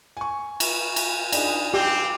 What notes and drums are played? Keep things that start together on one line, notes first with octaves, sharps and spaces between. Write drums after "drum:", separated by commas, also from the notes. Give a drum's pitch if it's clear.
G#5 C#6
drum: cymbal
drum: cymbal
D4 D#4 G#4, drum: cymbal
C4 G4